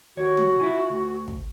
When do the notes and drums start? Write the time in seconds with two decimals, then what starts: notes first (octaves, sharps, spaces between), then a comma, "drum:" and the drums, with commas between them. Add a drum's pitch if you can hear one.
0.17 D#2 F#4 C#5
0.37 drum: tom
0.60 E4 F4 G#5
0.90 D2
1.28 drum: kick